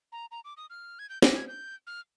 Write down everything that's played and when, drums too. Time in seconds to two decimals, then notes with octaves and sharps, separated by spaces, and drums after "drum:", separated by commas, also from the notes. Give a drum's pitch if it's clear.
0.12 A#5
0.31 A#5
0.45 D6
0.57 D#6
0.70 F6
0.99 G#6
1.09 G6
1.22 A#6, drum: snare
1.35 G#6
1.48 G6
1.87 F6